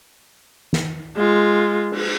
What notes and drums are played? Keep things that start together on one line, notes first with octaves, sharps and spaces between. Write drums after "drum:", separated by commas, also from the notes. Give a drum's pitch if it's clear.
drum: snare
G#3 F4
drum: cymbal